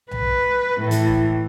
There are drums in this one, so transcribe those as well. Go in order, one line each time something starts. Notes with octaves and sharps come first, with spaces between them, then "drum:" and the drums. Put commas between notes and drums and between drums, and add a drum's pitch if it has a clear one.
B4, drum: tom B1
A2 E3
drum: hi-hat
drum: kick